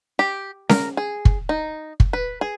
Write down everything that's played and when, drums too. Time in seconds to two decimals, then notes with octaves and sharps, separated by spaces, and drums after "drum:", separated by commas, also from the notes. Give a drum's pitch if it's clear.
0.19 G4
0.69 A#4, drum: snare C#4
0.97 G#4
1.25 drum: kick
1.49 D#4
2.00 drum: kick
2.13 B4
2.41 G#4